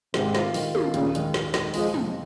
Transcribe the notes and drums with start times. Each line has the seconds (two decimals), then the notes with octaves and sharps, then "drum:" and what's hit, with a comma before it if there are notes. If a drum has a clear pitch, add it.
0.14 G#2 C3 D#3, drum: snare
0.35 A#3 F4, drum: snare
0.54 D#3, drum: open hi-hat
0.75 A#3 F4, drum: tom
0.94 D#2 A#2 C#3, drum: hi-hat
1.15 D#3 G#3, drum: hi-hat
1.34 D#2, drum: snare
1.54 D#3 G#3, drum: snare
1.74 F2 F3 G#3, drum: open hi-hat
1.94 C3 F3, drum: tom